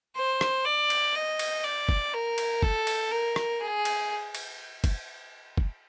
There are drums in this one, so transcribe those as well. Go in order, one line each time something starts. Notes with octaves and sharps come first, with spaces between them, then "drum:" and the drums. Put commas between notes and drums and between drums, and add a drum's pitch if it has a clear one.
C5
drum: rim click
D5
drum: cymbal
D#5
drum: cymbal
D5
drum: kick
A#4
drum: cymbal
A4, drum: kick
drum: cymbal
A#4
drum: rim click
G#4
drum: cymbal
drum: cymbal
drum: kick, cymbal
drum: kick